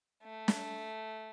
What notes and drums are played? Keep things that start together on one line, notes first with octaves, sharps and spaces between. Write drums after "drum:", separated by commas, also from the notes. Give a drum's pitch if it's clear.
A3
drum: snare